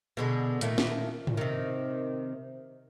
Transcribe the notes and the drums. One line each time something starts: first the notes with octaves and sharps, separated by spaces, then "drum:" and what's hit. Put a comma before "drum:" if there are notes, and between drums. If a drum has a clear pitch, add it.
B2 D3 G#3
A#2 D#3 A3, drum: hi-hat
drum: snare
drum: tom
C3 D#3